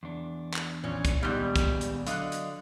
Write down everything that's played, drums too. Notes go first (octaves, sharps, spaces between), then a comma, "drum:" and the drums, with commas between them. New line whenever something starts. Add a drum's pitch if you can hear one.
E2 D4
drum: clap
A#1 C#4
drum: kick, hi-hat
D#2 G#2 G3 B3
drum: kick, hi-hat
drum: hi-hat
D3 F#3 D#5 F5 F#6, drum: hi-hat
drum: hi-hat